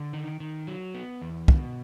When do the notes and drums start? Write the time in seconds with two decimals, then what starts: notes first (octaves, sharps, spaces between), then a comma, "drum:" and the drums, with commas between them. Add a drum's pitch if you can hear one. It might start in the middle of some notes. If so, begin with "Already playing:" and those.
Already playing: D3
0.13 D#3
0.40 D#3
0.67 F#3
0.94 B3
1.22 E2
1.48 B2, drum: kick